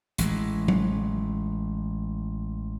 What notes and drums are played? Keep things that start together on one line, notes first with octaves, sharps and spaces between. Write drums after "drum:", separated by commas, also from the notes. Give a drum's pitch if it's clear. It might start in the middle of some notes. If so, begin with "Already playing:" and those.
A1 E3 G#3, drum: hi-hat
drum: tom F#3